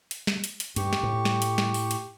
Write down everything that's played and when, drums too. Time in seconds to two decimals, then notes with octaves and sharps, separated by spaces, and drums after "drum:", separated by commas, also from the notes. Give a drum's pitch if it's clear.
0.11 drum: hi-hat
0.27 drum: snare
0.44 drum: hi-hat
0.60 drum: hi-hat
0.76 G2 G4 C#6, drum: hi-hat
0.93 drum: snare
1.03 A2
1.25 drum: snare
1.42 drum: hi-hat
1.58 drum: snare
1.74 drum: open hi-hat
1.91 drum: hi-hat